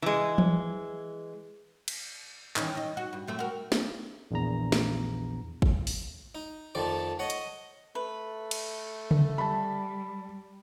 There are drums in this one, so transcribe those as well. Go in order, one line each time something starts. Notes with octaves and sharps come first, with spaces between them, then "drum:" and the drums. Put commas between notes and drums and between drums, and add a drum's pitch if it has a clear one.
E3 G#3
drum: tom E3
drum: cymbal
D#3 E3 C#4, drum: clap
D#3 D#5
F#4
G2
F#2 A3 C4
F#4 A#4
drum: snare
A#1 E2 A#5
drum: snare
drum: kick
drum: open hi-hat
D#4
F2 D#3 A3 D5 A5
C#5 D#5 F#5
drum: hi-hat
A3 B4
drum: cymbal
drum: tom C#3
G3 A5 B5